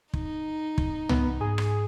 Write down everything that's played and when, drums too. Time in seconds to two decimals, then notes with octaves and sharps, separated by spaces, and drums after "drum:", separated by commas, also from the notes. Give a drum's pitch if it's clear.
0.14 D#4, drum: kick
0.78 drum: kick
1.09 B3, drum: tom
1.41 G#2 G#4 G#5
1.58 drum: rim click